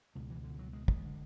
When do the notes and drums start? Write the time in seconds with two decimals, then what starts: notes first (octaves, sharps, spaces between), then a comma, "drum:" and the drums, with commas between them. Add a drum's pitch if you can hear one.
0.15 C#2 B2 G#3
0.30 E3
0.44 D3
0.59 F#3
0.73 G#3
0.88 G#3, drum: kick
1.04 D3